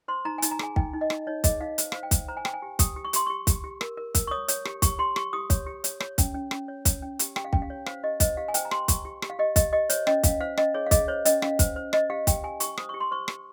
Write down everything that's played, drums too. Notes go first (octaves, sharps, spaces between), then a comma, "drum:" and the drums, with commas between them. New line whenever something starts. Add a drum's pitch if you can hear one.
C5 C6
D#4 A#5
G#5
D#4, drum: hi-hat
A#5
G#4 G#5, drum: rim click
D#4 G5, drum: kick
D#4
D#5
D#4, drum: rim click
D#4 C#5
G#4 D#5, drum: kick, hi-hat
D#4 F5
C5, drum: hi-hat
C5 F5, drum: rim click
G5
C5, drum: kick, hi-hat
C5 A#5
G#5
C5 G5, drum: rim click
G#5
G4
G4 D#6, drum: kick, hi-hat
G4
C#6
G4 C6, drum: hi-hat
G4 C#6
G4, drum: kick, hi-hat
G4
A#4, drum: rim click
A#4
A#4, drum: kick, hi-hat
C#6
C#5 D#6
C#5, drum: hi-hat
G4, drum: rim click
G4 C#6, drum: kick, hi-hat
G4 C6
G4 C#6, drum: rim click
G4 D#6
C#5, drum: kick, hi-hat
G4
C#5, drum: hi-hat
C#5, drum: rim click
C#4, drum: kick, hi-hat
C#4
C#4, drum: rim click
C#5
C#5, drum: kick, hi-hat
C#4
G4, drum: hi-hat
G4 G5, drum: rim click
F5
C#4 G5, drum: kick
F5
C#5
C5 F5, drum: rim click
G4 D#5
C5 D#5, drum: kick, hi-hat
G4 F5
G#5
C5 G5, drum: hi-hat
A#5
G4 C6, drum: rim click
G4 C#6, drum: kick, hi-hat
G4
G4, drum: rim click
F5
G4 D#5
G4 D#5, drum: kick, hi-hat
G4 D#5
C5 C#5, drum: hi-hat
C#4 D#5, drum: rim click
C#4 F5, drum: kick, hi-hat
C5 F5
C#4 D#5, drum: rim click
G#4 C#5
F5
G#4 D#5, drum: kick, hi-hat
C5 C#5
C#4 D#5, drum: hi-hat
C#4 F5, drum: rim click
C5, drum: kick, hi-hat
C5
C5 D#5, drum: rim click
G4 F5
G4 G5, drum: kick, hi-hat
G4 G#5
G4 C#6, drum: hi-hat
C5 D#6, drum: rim click
G4 C#6
C6
C5 C#6
G4, drum: rim click